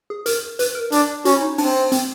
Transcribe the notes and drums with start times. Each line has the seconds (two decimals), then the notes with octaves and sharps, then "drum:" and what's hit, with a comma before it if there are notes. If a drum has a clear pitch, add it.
0.10 G#4
0.26 A#4, drum: hi-hat
0.59 B4, drum: hi-hat
0.75 A#4
0.92 D4, drum: hi-hat
1.25 C#4 F#4, drum: hi-hat
1.36 E4
1.42 D#4
1.58 C4 D4, drum: open hi-hat
1.92 C4, drum: hi-hat